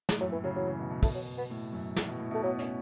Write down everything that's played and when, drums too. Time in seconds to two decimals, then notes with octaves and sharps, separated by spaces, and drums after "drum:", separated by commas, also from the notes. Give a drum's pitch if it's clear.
0.09 A2, drum: snare
0.20 F#2 F#3
0.32 A2 E3
0.44 C#3 F#3
0.56 E3 F#3
0.67 C#3
0.79 B2
0.90 B2
1.03 A3, drum: kick, open hi-hat
1.14 F#3
1.38 B3
1.50 A2
1.73 F#2
1.96 A2, drum: snare
2.08 B2
2.19 A2
2.31 B2 A3
2.43 F#3 B3
2.59 C#4, drum: hi-hat